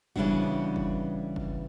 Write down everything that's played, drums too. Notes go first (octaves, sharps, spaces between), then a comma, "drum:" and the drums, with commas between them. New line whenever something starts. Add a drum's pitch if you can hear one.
C#3 E3 G3 B3 D4 F#4, drum: kick F#1
drum: kick F#1
drum: kick F#1